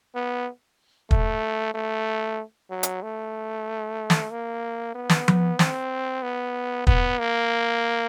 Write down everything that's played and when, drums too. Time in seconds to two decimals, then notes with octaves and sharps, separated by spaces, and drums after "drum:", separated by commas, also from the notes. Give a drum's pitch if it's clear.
0.15 B3
1.11 A3, drum: kick
1.74 A3
2.71 F#3
2.83 drum: hi-hat
3.03 A3
4.10 drum: snare
4.31 A#3
4.95 B3
5.09 drum: snare
5.28 drum: tom F3
5.59 C4, drum: snare
6.23 B3
6.87 B3, drum: kick
7.19 A#3